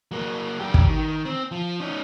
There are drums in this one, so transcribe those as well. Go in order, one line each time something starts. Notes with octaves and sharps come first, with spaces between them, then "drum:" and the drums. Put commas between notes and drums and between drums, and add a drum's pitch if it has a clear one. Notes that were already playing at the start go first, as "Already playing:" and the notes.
F#3 A#3
F#2 G4
drum: kick
D#3
C4
F3
C#4 D#4